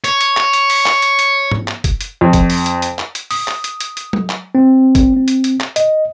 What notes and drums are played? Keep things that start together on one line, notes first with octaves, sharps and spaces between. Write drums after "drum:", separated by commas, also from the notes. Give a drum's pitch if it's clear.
C#5, drum: hi-hat
drum: hi-hat
drum: clap
drum: hi-hat
drum: open hi-hat
drum: clap
drum: hi-hat
drum: hi-hat
drum: tom G#2
drum: clap
drum: kick, hi-hat
drum: hi-hat
F2
drum: kick, hi-hat
drum: open hi-hat
drum: hi-hat
drum: hi-hat
drum: clap
drum: hi-hat
D#6, drum: open hi-hat
drum: clap
drum: hi-hat
drum: hi-hat
drum: hi-hat
drum: tom F#3
drum: clap
C4
drum: kick, hi-hat
C4
drum: hi-hat
drum: hi-hat
drum: clap
D#5, drum: hi-hat